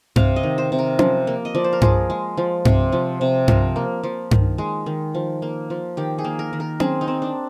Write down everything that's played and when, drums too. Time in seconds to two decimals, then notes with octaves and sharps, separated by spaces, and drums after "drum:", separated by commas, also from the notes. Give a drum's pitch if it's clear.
0.16 C3 F5, drum: tom G2
0.36 D#5
0.43 D#3
0.58 C5
0.72 C3
0.78 A#4
0.99 F3, drum: tom C#4
1.27 A#3
1.45 D#5
1.55 F3 D5
1.64 C5
1.73 A#4
1.81 F3 G#4, drum: tom G2
2.10 G#3
2.37 F3
2.65 C3, drum: tom G2
2.92 F3
3.21 C3
3.48 F3 A#4, drum: tom G2
3.76 A#3
4.03 F3
4.31 D#3, drum: tom G2
4.58 G#3
4.86 D#3
5.15 F3
5.42 A#3
5.70 F3
5.97 D#3 G4
6.18 G#4
6.24 A#3
6.39 A#4
6.53 D#3
6.60 A#4
6.80 C4 G#4, drum: tom C#4
7.01 D#4
7.08 C4
7.22 D4